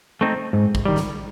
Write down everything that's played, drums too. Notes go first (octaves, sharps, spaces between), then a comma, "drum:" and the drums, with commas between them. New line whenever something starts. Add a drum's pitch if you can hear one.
A3 C4 D#4
G#2
drum: kick
D#3 G3
drum: snare